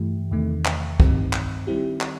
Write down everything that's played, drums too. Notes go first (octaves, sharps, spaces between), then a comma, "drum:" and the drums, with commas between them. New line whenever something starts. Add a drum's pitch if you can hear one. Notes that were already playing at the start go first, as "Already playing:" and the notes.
Already playing: G2 E3 A3 E4 G4
E2 C3 D#3 A3
drum: clap
G2 D#3 G3 C4 D#4, drum: kick
drum: clap
D#3 G3 C4 E4 G4
drum: clap